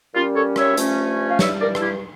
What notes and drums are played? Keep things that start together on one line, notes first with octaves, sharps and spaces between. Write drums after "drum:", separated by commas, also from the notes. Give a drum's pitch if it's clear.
A#2 G3 C#4 F4
A4 C#5
C#5 E5, drum: rim click
G2 F3 A3 C#4, drum: hi-hat
F5
G2 E3 G3 C#5 E5, drum: snare
A#4 D5
A4, drum: rim click
E4 G4